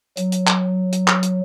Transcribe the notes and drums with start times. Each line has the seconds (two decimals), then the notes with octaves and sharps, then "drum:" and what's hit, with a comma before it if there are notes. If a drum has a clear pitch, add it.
0.17 F#3, drum: hi-hat
0.32 drum: hi-hat
0.47 drum: clap
0.93 drum: hi-hat
1.08 drum: clap
1.23 drum: hi-hat